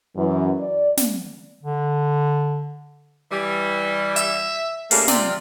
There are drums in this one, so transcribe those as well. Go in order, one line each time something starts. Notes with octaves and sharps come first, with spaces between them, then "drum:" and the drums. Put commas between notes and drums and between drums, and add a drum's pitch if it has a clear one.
F#2 E3
D5
drum: snare
D3
E3 G3
E5, drum: hi-hat
C#3 G3 A3 A#3, drum: open hi-hat
C3 F4 D5, drum: snare